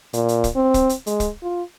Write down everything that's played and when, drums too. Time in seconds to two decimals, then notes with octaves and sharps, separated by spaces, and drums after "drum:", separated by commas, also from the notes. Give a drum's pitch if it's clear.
0.13 A#2, drum: hi-hat
0.28 drum: hi-hat
0.44 drum: kick, hi-hat
0.56 C4
0.74 drum: kick, hi-hat
0.89 drum: hi-hat
1.06 G#3, drum: hi-hat
1.20 drum: kick, hi-hat
1.43 F4